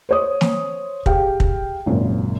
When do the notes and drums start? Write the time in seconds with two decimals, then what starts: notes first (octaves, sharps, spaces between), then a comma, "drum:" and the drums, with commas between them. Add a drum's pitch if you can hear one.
0.09 C5 C#5 D#6
0.41 drum: snare
1.06 G4 G#4 F5 G5, drum: kick
1.40 drum: kick
1.86 G#1 F#2 A#2 C#3